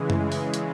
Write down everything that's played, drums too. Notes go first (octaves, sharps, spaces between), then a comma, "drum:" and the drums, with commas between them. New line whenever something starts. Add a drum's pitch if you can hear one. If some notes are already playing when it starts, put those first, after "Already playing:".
Already playing: C#3 E3 G#3
drum: tom F#2
drum: open hi-hat
drum: hi-hat